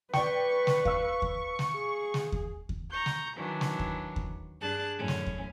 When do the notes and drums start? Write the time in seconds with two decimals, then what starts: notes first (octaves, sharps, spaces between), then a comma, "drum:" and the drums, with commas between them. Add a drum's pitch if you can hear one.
0.13 B4 D5 G5 C#6, drum: snare
0.67 drum: snare
0.85 F5 E6, drum: kick D#2
1.22 drum: kick D#2
1.59 drum: snare
1.74 G#4
2.14 drum: snare
2.32 drum: kick D#2
2.69 drum: kick D#2
2.90 A#5 C#6 G6
3.06 drum: snare
3.36 D#3 E3 F#3 D4
3.61 drum: snare
3.79 drum: kick D#2
4.16 drum: kick D#2
4.61 G2 D4 G#4 A5 F#6
4.99 F#2 A2 C#4
5.08 drum: snare
5.26 drum: kick D#2